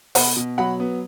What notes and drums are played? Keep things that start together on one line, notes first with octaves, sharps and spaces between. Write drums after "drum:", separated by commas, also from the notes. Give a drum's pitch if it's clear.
B2 F#5 B5, drum: open hi-hat
B2
F#3 F#5 B5
B3